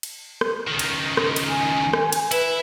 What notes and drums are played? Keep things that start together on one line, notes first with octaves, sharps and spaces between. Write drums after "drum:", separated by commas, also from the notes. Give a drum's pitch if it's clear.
drum: cymbal
drum: rim click
C#2 D#3
drum: cymbal
drum: rim click
drum: cymbal
G#5
drum: rim click
drum: cymbal
E4 B4, drum: cymbal